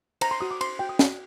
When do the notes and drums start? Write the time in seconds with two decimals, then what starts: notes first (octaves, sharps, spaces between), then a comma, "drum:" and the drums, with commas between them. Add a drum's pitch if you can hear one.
0.21 C5 A#5, drum: cymbal
0.31 C6
0.41 F#4 D#6
0.51 D6
0.61 C5 C6, drum: cymbal
0.79 F#4 G5
0.89 D#6
0.99 F#4, drum: snare